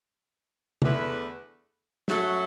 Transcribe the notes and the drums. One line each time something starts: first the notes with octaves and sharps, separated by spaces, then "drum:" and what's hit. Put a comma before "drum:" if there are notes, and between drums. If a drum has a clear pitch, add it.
E2 D3 A3 E4 B4, drum: tom
F#2 F#3 A3 F#4 A4, drum: snare